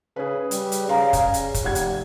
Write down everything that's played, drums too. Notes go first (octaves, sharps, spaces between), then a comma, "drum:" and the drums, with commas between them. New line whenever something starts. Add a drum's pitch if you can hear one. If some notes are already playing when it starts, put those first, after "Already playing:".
C#3 G#4 B4
G3, drum: hi-hat
drum: hi-hat
C#3 D5 F5 A#5
drum: kick, hi-hat
drum: hi-hat
drum: kick, hi-hat
F1 G4 F#5 G#6
drum: hi-hat